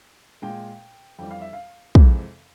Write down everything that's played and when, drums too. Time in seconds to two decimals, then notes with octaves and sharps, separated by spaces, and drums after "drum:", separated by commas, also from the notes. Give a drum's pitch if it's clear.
0.42 A#2 G#3 G5
1.19 F2 E3 G3 G5
1.31 F5
1.41 E5
1.53 F5
1.95 F2 C3 E3 G#3, drum: kick